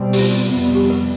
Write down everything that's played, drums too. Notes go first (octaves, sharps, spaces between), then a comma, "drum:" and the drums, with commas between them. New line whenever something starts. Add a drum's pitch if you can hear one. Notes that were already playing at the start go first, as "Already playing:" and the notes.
Already playing: B2 G3 C4
G4, drum: open hi-hat
F4
F2 C3 G3 B3
G4
B4